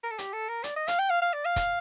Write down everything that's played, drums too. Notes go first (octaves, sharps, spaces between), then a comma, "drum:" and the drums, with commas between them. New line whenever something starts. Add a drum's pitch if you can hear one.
A#4
A4
G4, drum: hi-hat
A4
A#4
D5, drum: hi-hat
D#5
F5, drum: hi-hat
G5
F5
F5
D5
F5
drum: kick, hi-hat